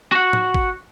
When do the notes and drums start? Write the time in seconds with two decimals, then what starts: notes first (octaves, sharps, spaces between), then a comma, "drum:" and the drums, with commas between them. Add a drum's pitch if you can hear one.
0.12 F#4 F#5
0.33 drum: tom
0.54 drum: kick G#1